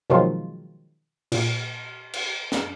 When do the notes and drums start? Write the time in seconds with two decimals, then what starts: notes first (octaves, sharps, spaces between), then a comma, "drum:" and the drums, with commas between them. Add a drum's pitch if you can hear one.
0.10 B2 D#3 F3 F#3 G#3 F4
1.32 A#2, drum: cymbal
2.13 drum: cymbal
2.52 drum: snare